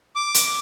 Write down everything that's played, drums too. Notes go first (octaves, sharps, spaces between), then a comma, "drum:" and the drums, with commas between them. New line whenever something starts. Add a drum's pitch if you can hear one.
D6
drum: hi-hat